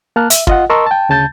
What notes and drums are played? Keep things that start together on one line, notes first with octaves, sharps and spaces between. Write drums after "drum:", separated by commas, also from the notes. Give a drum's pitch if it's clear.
A#3 A5 F6 F#6
E5, drum: hi-hat
F4 D#5 F#5, drum: kick
A#4 D#5 A5 C6 C#6 E6
G5 A5
D2 C#3 A5 G6 A6